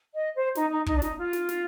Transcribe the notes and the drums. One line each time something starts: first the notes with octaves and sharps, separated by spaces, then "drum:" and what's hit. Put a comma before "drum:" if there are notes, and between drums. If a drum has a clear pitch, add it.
D#5
C5
D#4, drum: snare
D#4
D#4, drum: kick
D4
D#4, drum: snare
F4
drum: snare
drum: snare